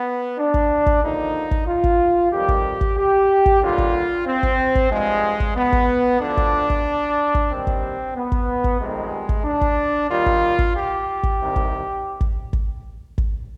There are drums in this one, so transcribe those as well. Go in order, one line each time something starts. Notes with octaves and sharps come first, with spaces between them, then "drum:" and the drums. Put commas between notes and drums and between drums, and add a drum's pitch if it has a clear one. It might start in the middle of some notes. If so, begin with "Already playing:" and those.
Already playing: B3
D4
drum: kick
drum: kick
D#2 D3 F3 D#4
drum: kick
F4
drum: kick
F2 D#3 G3 G4
drum: kick
drum: kick
G4
drum: kick
D#2 D3 G3 F4
drum: kick
C4
drum: kick
drum: kick
G2 F3 G#3
drum: kick
B3
drum: kick
D2 D3 F3 D4
drum: kick
drum: kick
drum: kick
D#2 D#3 G3 C4
drum: kick
B3
drum: kick
drum: kick
F2 C3 D#3 G3 G#3
drum: kick
D4
drum: kick
D#2 D#3 G3 F4
drum: kick
drum: kick
G4
drum: kick
C2 C3 D#3
drum: kick
drum: kick
drum: kick
drum: kick